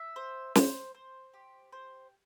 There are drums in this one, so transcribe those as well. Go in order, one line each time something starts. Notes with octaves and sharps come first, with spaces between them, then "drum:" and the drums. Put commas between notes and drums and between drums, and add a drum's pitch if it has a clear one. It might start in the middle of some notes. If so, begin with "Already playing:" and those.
Already playing: E5
C5
C5, drum: snare
C5
G4
C5